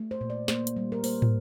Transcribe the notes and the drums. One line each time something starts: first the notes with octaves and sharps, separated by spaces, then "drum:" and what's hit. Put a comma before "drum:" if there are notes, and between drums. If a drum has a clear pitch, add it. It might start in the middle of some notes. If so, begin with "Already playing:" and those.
Already playing: A3
C5
A#2
D5
A#3 C5, drum: snare
drum: hi-hat
G3
A#4
A#3 C5, drum: open hi-hat
drum: tom